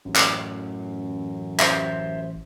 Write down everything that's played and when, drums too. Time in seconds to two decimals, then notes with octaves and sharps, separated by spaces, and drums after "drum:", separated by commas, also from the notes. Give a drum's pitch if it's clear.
0.05 A1 F#2
0.16 drum: clap
1.60 C5 E5, drum: clap